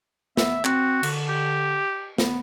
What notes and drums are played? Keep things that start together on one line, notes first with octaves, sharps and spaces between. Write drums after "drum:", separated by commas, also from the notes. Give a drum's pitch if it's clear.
B3 E5, drum: snare
C4 F#4, drum: clap
D3, drum: cymbal
G4
B3, drum: snare